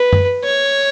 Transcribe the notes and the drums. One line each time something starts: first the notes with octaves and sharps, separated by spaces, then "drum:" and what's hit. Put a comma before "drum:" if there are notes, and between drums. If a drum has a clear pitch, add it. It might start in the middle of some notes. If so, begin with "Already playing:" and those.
Already playing: B4
drum: tom F#2
C#5